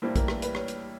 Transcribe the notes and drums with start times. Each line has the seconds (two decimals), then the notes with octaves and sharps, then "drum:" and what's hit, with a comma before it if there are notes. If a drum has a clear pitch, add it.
0.02 A2 E3 G3 A#3 D4 C5
0.16 A#4, drum: kick, hi-hat
0.28 B4, drum: rim click
0.42 B4, drum: hi-hat
0.55 C#5, drum: rim click
0.68 drum: hi-hat